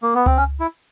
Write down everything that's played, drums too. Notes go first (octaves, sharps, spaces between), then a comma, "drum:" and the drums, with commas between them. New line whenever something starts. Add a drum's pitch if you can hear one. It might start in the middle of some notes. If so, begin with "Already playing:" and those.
A#3
B3
C4, drum: tom C#2
C#4
E4